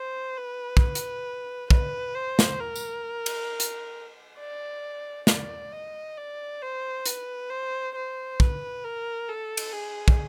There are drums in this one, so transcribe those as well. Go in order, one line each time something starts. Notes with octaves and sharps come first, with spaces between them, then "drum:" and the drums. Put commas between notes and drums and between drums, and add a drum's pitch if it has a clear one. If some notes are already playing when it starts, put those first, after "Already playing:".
Already playing: C5
B4
drum: kick
drum: hi-hat
B4, drum: kick
C5
drum: snare
A#4
drum: tambourine
drum: cymbal
drum: hi-hat
D5
D5, drum: snare
D#5
D5
C5
B4, drum: hi-hat
C5
C5
B4, drum: kick
A#4
A4
drum: cymbal
G#4
drum: kick